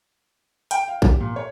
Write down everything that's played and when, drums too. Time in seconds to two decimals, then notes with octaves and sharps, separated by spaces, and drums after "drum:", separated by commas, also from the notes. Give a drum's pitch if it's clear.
0.71 G5, drum: hi-hat
0.88 F5
1.02 G4, drum: kick A1
1.20 A#2
1.36 C#5